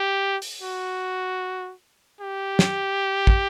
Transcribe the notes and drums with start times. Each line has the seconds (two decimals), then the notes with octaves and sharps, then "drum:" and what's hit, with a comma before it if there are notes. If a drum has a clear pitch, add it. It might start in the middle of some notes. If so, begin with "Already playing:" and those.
Already playing: G4
0.42 drum: open hi-hat
0.61 F#4
2.20 G4
2.59 drum: snare
3.27 drum: kick